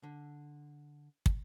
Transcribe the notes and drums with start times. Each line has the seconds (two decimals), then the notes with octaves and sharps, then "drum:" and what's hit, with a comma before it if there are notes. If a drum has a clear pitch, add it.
0.03 D3
1.26 drum: kick